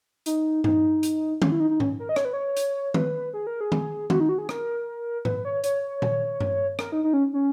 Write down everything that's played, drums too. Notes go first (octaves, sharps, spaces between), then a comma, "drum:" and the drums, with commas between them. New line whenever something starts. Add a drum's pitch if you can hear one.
D#4, drum: hi-hat
D#4, drum: tom G2
drum: hi-hat
C#4, drum: tom D#3
E4
D#4
D#4
C#4, drum: tom G#2
A#4
D#5
C#5, drum: rim click
B4
C#5
drum: hi-hat
B4, drum: tom D#3
G#4
A#4
G#4
drum: tom D#3
F#4, drum: tom D#3
D#4
F#4
G#4
A#4, drum: rim click
B4, drum: tom G#2
C#5
C#5, drum: hi-hat
drum: tom A#2
drum: tom G2
A#4, drum: rim click
D#4
D#4
C#4
C#4